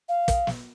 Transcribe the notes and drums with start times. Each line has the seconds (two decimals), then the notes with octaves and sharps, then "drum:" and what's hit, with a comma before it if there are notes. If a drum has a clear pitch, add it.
0.09 F5
0.28 drum: kick, hi-hat
0.47 drum: snare